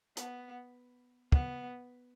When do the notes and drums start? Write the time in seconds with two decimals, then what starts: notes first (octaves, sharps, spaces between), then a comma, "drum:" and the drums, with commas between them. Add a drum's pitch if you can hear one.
0.17 B3, drum: hi-hat
1.32 B3, drum: kick